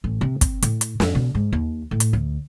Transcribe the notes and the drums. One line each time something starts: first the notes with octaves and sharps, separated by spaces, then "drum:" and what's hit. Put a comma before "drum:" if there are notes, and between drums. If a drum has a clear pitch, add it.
A1
C3
C4, drum: kick, hi-hat
A2, drum: hi-hat
drum: hi-hat
F2, drum: snare
B2
G#2
D#2
A2
drum: hi-hat
D2